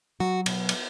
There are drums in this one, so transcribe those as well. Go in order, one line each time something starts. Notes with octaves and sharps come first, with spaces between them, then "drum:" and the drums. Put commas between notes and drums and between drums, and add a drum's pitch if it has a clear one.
F#3 F#4
B2, drum: cymbal
drum: cymbal